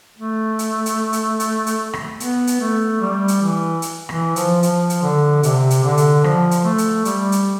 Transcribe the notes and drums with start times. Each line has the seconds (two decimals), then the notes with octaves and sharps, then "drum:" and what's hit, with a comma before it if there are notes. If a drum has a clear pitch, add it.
0.19 A3
0.59 drum: hi-hat
0.86 drum: hi-hat
1.13 drum: hi-hat
1.40 drum: hi-hat
1.67 drum: hi-hat
1.93 drum: rim click
2.20 B3, drum: hi-hat
2.47 drum: hi-hat
2.61 A3
3.01 G3
3.28 drum: hi-hat
3.42 E3
3.82 drum: hi-hat
4.09 E3, drum: rim click
4.36 F3, drum: hi-hat
4.63 F3, drum: hi-hat
4.90 drum: hi-hat
5.03 D3
5.43 C3, drum: hi-hat
5.70 drum: hi-hat
5.84 D3
5.97 drum: hi-hat
6.24 F3, drum: rim click
6.51 drum: hi-hat
6.65 A3
6.78 drum: hi-hat
7.05 G3, drum: hi-hat
7.32 drum: hi-hat